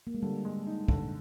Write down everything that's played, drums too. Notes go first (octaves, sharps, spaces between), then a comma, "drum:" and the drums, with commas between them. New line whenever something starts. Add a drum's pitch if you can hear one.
A#3
G#3
D3 G3
G#3
D#4
D3, drum: kick